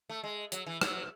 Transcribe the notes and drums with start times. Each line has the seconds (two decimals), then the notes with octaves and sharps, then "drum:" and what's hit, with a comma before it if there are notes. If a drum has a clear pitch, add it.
0.09 A3
0.24 G#3
0.52 F#3, drum: hi-hat
0.66 E3
0.81 F#3, drum: rim click